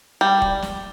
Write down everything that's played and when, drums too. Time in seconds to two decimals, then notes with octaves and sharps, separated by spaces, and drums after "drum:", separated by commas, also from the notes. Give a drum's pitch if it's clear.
0.21 G3
0.42 drum: kick D#1
0.62 drum: snare